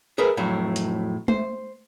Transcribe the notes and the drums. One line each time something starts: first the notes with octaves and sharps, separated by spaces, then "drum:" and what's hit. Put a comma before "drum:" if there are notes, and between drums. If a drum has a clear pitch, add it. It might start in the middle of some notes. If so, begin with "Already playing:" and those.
G#4 A#4 B4 E5
F2 A2 F#3 A3
drum: hi-hat
C5, drum: tom G#3